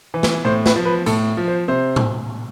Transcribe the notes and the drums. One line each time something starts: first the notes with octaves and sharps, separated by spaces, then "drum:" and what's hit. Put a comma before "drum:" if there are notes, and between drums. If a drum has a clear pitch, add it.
E3
drum: snare
A2 C5
B4, drum: snare
F3
B4
A2 A4, drum: hi-hat
F3
C5
C3 C5
drum: tom A2